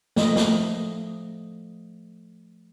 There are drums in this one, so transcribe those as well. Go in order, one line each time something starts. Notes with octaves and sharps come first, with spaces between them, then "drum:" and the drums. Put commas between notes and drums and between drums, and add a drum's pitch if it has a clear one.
F3 A3 D#5, drum: snare
drum: snare